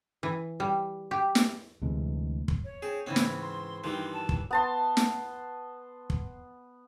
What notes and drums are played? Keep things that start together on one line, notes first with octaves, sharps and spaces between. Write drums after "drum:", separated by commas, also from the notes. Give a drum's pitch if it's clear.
E3
G3
G4
drum: snare
D2 C3 E3 G#3
drum: kick
C#5
C4 G#4
G#2 C#3 E3 C4
drum: snare
C6
G2 D#3 E3 F#3 G3 C6
A5
drum: kick
B3 A5 C6
drum: snare
drum: kick